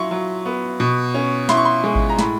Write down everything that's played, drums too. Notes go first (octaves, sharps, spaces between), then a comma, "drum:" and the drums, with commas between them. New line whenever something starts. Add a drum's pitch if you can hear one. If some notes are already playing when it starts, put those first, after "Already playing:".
Already playing: F#3 E4 C6 C#6
F#3
B3
B2
C#4
E4 C6, drum: snare
C#6
C6
G#3
drum: kick G#1
A#5
A2 B5, drum: snare